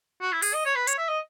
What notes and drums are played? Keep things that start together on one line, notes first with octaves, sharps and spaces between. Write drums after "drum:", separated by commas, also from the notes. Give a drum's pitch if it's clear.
F#4
E4
G#4, drum: open hi-hat
D#5
C#5
B4
C#5, drum: hi-hat
E5
D#5